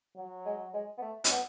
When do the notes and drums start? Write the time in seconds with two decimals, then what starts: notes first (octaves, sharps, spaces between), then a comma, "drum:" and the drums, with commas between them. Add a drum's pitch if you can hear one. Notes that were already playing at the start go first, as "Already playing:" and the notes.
0.16 F#3
0.45 G#3
0.74 G#3
0.97 B3
1.02 A3
1.24 C#4, drum: hi-hat
1.31 B3